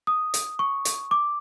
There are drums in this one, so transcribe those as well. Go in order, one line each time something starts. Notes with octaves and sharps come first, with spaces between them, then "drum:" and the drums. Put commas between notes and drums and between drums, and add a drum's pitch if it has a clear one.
D#6
drum: hi-hat
C#6
drum: hi-hat
D6